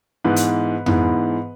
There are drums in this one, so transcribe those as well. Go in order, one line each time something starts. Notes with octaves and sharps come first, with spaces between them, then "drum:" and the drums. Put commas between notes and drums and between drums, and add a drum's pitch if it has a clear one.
G#2 E3 B3 B4
drum: hi-hat
G#2 E3 B3, drum: tom F2